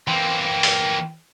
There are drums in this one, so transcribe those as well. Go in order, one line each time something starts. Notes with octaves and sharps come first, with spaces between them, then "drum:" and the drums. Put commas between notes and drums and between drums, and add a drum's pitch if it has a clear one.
E3 A#3 G5 C6
drum: open hi-hat